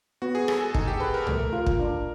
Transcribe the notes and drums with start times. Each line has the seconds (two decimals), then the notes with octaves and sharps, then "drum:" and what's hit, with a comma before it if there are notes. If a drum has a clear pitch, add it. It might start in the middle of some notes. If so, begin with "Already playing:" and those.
0.22 B3 F#4
0.35 G#4
0.48 G#4 A4, drum: rim click
0.61 A4
0.74 D#4 A4, drum: kick
0.88 G4
1.00 A4 B4
1.14 A#4
1.27 A3, drum: tom C2
1.53 F4
1.66 drum: kick
1.80 D4